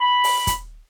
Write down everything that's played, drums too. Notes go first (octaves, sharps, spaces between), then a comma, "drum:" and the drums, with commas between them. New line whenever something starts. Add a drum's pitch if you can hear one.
B5
drum: open hi-hat
drum: kick, hi-hat